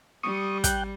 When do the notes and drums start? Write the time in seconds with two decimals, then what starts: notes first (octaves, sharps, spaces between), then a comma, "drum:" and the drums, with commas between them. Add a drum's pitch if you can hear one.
0.23 G3 C#6 D#6
0.64 G5 F#6 G6, drum: kick, hi-hat